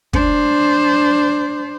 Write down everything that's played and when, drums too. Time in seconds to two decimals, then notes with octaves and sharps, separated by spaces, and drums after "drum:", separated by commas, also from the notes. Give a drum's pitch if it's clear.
0.13 D4 C5, drum: kick